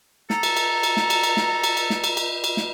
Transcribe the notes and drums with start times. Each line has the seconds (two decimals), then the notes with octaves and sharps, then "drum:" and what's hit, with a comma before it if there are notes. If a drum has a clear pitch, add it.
0.30 A4 A#5, drum: snare
0.43 drum: cymbal
0.57 drum: cymbal
0.83 drum: cymbal
0.97 drum: snare
1.10 drum: cymbal
1.23 drum: cymbal
1.37 drum: snare
1.63 drum: cymbal
1.77 drum: cymbal
1.90 drum: snare
2.04 drum: cymbal
2.17 drum: cymbal
2.44 drum: cymbal
2.57 drum: snare